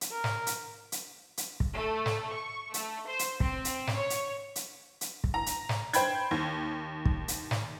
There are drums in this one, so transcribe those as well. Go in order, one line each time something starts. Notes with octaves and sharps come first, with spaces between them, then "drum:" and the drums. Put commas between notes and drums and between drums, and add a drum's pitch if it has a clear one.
drum: hi-hat
A#4
drum: snare
drum: hi-hat
drum: hi-hat
drum: hi-hat
drum: kick
A3
drum: snare
C#6
A3, drum: hi-hat
C5
drum: hi-hat
C4, drum: kick
drum: hi-hat
drum: snare
C#5
drum: hi-hat
drum: hi-hat
drum: hi-hat
drum: kick
A#5
drum: hi-hat
drum: snare
C5 G5 B5 G#6, drum: hi-hat
D#2
drum: kick
drum: hi-hat
drum: snare